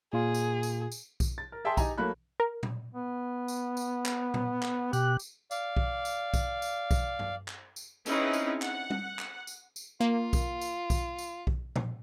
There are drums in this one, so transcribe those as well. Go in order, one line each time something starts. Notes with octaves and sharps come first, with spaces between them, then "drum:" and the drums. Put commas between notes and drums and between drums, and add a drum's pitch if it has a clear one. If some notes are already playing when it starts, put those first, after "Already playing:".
A#2 F4 G#4
drum: tambourine
drum: tambourine
drum: tambourine
drum: kick B1, tambourine
A6
A#4
G#4 E5 G5 A5 C6
D#4 G4 G#5 A#5, drum: kick B1, tambourine
F#3 A3 A#3 B5 F#6
A#4
drum: tom A#2
B3
drum: tambourine
drum: tambourine
drum: clap
drum: tom A#2
drum: clap
B2 G4 F#6, drum: tambourine
drum: tambourine
D5 F5, drum: tambourine
drum: kick B1
drum: tambourine
drum: kick B1, tambourine
drum: tambourine
drum: kick B1, tambourine
drum: tom G2
drum: clap
drum: tambourine
C4 C#4 D#4 E4 G#4 B4, drum: tambourine
drum: tambourine
F#5, drum: clap
drum: tom G3
drum: clap
drum: tambourine
drum: tambourine
A#3 F4
drum: kick B1, tambourine
drum: tambourine
drum: kick B1, tambourine
drum: tambourine
drum: kick B1
drum: tom A#2